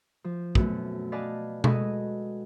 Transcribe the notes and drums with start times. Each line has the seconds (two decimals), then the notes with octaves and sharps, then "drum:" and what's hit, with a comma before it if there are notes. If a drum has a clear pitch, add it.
0.24 F3
0.55 F#2 B2 A3 B3 C4, drum: kick
1.12 B4 D5 D#5 F5 G#5 A5
1.64 G#3 F#4 G#4 A4 B4 D#5, drum: tom B2